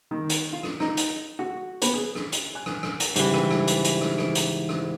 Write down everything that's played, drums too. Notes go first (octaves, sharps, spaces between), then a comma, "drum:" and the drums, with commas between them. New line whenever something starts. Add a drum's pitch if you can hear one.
D#3
drum: hi-hat
F4
drum: rim click
D#4, drum: rim click
drum: hi-hat
F#4
B3, drum: hi-hat
G#4
drum: rim click
drum: hi-hat
G#5 F#6
drum: rim click
drum: rim click
drum: hi-hat
G#2 C#3 E3 G3, drum: hi-hat
drum: rim click
drum: rim click
drum: hi-hat
drum: hi-hat
drum: rim click
drum: rim click
drum: hi-hat
drum: rim click